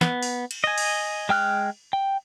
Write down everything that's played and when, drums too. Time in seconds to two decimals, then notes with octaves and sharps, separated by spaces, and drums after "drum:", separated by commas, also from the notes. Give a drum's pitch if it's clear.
0.01 B3, drum: snare
0.23 drum: open hi-hat
0.51 drum: cymbal
0.64 D#5 G#5
0.78 drum: cymbal
1.29 G#3 G5 F6 F#6
1.93 G5